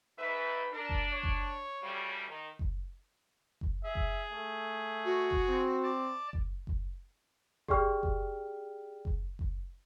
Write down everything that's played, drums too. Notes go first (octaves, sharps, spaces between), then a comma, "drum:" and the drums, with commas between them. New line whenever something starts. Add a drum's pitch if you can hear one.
G#2 B4 E5
D4 A#4
drum: kick F#1
C#5
drum: kick F#1
D2 C#3 G3
D#3
drum: kick F#1
drum: kick F#1
G#4 E5
drum: kick F#1
A3
F#4
drum: kick F#1
C4
D5 A5
drum: kick F#1
drum: kick F#1
G4 G#4 D5 G5 F6, drum: kick F#1
drum: kick F#1
drum: kick F#1
drum: kick F#1